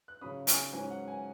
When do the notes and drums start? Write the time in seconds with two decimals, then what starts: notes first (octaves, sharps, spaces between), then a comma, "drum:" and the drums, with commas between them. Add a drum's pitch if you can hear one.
0.08 F#6
0.21 C#3 F#3 C#4 B5 D#6
0.47 G#5 C#6, drum: hi-hat
0.73 G#2 F#3 C#4 G#5
0.90 F#5
1.08 G#5